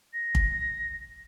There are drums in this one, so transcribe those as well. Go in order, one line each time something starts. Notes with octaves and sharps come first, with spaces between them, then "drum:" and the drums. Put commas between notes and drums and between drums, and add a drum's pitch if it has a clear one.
A#6
drum: kick